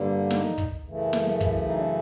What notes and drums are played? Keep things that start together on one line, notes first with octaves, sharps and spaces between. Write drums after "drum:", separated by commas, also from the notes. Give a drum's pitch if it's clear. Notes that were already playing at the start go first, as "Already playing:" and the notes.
Already playing: G2 D3 G3 A#3
D#4, drum: snare
drum: kick
F#2 C#3 E3 A3
drum: snare
E4, drum: kick
D#4
D4